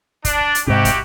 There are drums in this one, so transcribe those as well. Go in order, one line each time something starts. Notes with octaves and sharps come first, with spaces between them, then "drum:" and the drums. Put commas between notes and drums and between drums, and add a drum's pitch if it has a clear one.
D4, drum: kick, hi-hat
drum: hi-hat
G#2 C3 E4 F#4 G4
drum: kick, hi-hat